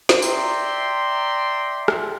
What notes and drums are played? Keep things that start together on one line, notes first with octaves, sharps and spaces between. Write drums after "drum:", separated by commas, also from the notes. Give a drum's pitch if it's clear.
drum: snare
D5 E5 G5 A#5 C6, drum: tambourine
drum: rim click